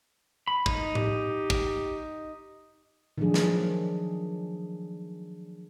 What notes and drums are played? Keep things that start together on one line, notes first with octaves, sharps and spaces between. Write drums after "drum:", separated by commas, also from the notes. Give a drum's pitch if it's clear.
B5
D#4, drum: kick
G4, drum: tom A2
drum: kick
D#3 F3 F#3 A3 D4 G#4
drum: snare